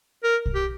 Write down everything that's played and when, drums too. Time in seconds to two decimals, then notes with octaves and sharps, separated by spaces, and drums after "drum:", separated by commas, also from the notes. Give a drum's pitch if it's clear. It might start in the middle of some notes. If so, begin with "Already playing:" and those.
0.24 A#4
0.46 drum: kick
0.55 G4